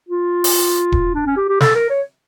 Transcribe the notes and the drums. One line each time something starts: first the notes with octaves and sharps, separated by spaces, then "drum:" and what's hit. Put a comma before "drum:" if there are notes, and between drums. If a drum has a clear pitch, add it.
F4
drum: open hi-hat
drum: kick D#1
D4
C#4
G4
G4
A4, drum: snare
A#4
C#5